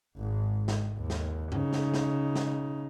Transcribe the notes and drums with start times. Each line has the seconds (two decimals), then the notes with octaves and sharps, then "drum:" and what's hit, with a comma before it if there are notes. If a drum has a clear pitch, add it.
0.17 G#1 G#2
0.68 drum: snare
0.97 D#2
1.10 drum: snare
1.52 C#3 D#4, drum: tom G2
1.73 drum: snare
1.94 drum: snare
2.36 drum: snare